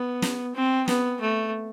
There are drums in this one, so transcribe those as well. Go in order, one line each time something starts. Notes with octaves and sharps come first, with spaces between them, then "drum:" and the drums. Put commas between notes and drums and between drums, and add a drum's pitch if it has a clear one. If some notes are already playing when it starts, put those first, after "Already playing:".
Already playing: B3
drum: snare
C4
B3, drum: snare
A3